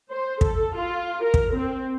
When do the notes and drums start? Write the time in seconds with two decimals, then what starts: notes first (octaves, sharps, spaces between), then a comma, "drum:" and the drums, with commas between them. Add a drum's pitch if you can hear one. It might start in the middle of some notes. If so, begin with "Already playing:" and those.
0.11 C5
0.41 A4, drum: kick
0.77 F4
1.23 A#4
1.34 drum: kick
1.53 C4